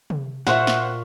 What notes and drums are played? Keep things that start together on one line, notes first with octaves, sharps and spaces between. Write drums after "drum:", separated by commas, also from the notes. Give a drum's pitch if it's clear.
drum: tom C3
A#2 F4 F#4 C5 E5 F#5, drum: snare
drum: snare